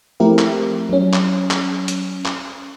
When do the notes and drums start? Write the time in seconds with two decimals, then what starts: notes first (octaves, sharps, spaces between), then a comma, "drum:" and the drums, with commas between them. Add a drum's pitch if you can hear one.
0.20 F3 A3 C4 E4 G4 A#4
0.39 drum: clap
0.89 F#3 C#4
1.13 drum: clap
1.51 drum: clap
1.88 drum: hi-hat
2.25 drum: clap